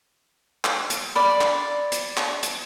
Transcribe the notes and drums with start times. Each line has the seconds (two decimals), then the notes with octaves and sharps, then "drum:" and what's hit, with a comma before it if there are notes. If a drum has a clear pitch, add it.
0.65 drum: clap
0.90 drum: hi-hat
1.15 D5 B5
1.41 drum: clap
1.92 drum: hi-hat
2.17 drum: clap
2.43 drum: hi-hat